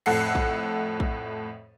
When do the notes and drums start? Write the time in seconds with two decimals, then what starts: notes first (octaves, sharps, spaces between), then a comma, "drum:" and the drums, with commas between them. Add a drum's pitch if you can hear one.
0.06 F2 A2 A4 F#5 C7, drum: cymbal
0.35 drum: kick A#1
1.00 drum: kick A#1